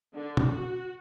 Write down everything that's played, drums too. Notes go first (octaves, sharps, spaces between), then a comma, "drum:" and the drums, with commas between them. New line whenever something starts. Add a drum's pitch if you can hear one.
D3
drum: tom
F#4